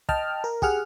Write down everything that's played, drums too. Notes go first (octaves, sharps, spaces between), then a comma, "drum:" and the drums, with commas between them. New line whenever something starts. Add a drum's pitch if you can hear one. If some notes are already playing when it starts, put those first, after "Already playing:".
D#5 G5 A5 F6, drum: kick
A#4
G4 G#4 F#5 F6, drum: kick